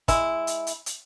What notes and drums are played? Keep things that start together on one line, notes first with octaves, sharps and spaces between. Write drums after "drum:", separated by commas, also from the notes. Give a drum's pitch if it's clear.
G#3 E4, drum: kick, hi-hat
drum: hi-hat
drum: hi-hat
drum: hi-hat